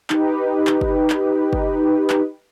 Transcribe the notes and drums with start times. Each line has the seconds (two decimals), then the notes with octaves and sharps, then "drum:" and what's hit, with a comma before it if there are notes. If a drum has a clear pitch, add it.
0.10 D#4 G4 B4, drum: clap
0.67 drum: clap
0.81 drum: kick G1
1.10 drum: clap
1.53 drum: kick G1
2.10 drum: clap